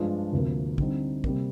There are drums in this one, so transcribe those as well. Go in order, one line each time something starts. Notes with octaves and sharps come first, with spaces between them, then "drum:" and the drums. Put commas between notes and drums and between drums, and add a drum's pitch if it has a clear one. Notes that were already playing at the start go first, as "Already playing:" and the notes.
Already playing: G2 F3 G#3 D4 F4
D2 C3 F3 A#3
D3 G3 C4 D#4, drum: kick
C3 G3 A#3, drum: kick